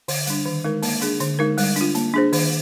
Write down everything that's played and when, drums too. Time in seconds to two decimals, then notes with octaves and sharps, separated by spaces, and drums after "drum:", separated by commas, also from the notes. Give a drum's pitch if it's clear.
0.08 D3, drum: open hi-hat
0.27 G3 D4, drum: hi-hat
0.46 D#3
0.64 G#3 D#4 A#4
0.82 A#3, drum: open hi-hat
1.02 D4 G#4, drum: hi-hat
1.20 D3, drum: hi-hat
1.39 G#3 D#4 A#4
1.58 G3, drum: open hi-hat
1.76 D4 F4, drum: hi-hat
1.95 A#3, drum: hi-hat
2.14 D4 G#4 C5
2.33 D#3, drum: open hi-hat